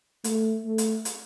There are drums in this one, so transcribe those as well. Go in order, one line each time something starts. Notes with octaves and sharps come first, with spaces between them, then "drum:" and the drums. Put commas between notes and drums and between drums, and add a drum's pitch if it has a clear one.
A3, drum: hi-hat
A3
drum: hi-hat
drum: hi-hat